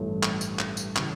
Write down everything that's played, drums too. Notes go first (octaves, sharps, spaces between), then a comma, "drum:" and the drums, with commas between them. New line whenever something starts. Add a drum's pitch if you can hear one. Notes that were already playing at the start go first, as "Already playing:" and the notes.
Already playing: A1 G2 E3 A3 C#4
drum: clap
drum: tambourine
drum: clap
drum: tambourine
C#3 E3, drum: clap